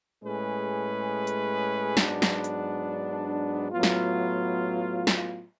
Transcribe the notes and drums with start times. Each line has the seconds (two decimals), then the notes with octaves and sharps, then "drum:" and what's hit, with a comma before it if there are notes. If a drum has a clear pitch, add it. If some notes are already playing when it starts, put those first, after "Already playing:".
0.24 A2 G#3 C#4 G#4 B4
1.27 drum: hi-hat
1.97 G#2 F#3 B3 D4, drum: snare
2.22 drum: snare
2.44 drum: hi-hat
3.71 A2 F#3 B3 F4
3.83 drum: snare
5.07 drum: snare